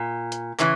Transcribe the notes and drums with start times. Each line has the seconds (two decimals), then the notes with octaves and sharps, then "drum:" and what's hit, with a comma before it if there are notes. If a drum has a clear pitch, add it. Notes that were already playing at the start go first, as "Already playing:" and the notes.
Already playing: A#2
0.32 drum: hi-hat
0.60 C#3 E3, drum: clap